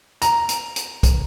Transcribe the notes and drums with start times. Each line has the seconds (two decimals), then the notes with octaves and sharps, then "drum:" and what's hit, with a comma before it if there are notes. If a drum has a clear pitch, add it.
0.22 A#5, drum: hi-hat
0.49 drum: hi-hat
0.76 drum: hi-hat
1.03 drum: kick, hi-hat